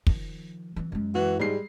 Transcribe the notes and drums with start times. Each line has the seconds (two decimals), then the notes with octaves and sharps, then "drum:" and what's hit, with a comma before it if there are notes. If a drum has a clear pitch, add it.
0.07 D#3 F3, drum: kick
0.76 E3 C4
0.92 F#2 G#3
1.15 E3 F#4
1.40 G#2 G3 G#3 C7